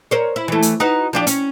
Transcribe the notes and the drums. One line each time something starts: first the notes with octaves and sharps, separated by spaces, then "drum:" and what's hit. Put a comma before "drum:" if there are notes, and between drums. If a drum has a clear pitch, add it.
A#4 C5 C#5
E4
E3 A3
drum: hi-hat
D#4 F#4 B4
F3 D4 G4
C#4, drum: hi-hat